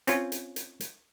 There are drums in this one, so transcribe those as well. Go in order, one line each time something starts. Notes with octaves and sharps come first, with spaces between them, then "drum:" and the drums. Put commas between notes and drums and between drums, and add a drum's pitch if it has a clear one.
C4 C#4 F4, drum: hi-hat
drum: hi-hat
drum: hi-hat
drum: hi-hat